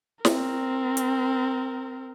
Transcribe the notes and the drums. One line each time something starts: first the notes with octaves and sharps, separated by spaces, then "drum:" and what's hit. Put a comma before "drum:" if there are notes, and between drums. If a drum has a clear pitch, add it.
C4 A#4, drum: snare
drum: hi-hat